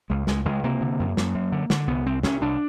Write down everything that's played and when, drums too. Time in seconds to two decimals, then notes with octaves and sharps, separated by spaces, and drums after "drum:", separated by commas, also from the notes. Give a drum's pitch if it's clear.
0.10 C#2 G#3
0.27 C#2 G#3, drum: snare
0.45 C#2 G#3
0.64 C3 A#3
0.81 D3
1.00 F#2
1.17 F#2, drum: snare
1.35 F#2
1.52 D3
1.70 D3, drum: snare
1.88 C2 B3
2.06 C2 C4
2.23 C2 C#4, drum: snare
2.41 C2 D4